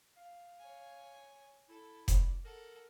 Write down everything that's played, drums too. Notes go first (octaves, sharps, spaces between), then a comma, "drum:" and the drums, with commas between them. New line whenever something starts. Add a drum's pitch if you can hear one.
F5
C#5 G#5
E4 A4
D5, drum: kick F1, hi-hat
A4 A#4 F#5